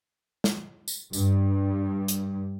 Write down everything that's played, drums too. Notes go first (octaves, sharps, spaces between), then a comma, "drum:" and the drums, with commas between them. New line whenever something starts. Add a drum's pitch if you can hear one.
drum: snare
drum: tambourine
G2, drum: tambourine
drum: hi-hat